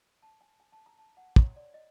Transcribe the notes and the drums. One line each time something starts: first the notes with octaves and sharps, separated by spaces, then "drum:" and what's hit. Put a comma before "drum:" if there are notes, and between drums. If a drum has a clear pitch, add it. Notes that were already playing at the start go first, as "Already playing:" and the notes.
A5
G#5
G#5
A5
A#5
A5
F#5
C#5, drum: kick
D5
D#5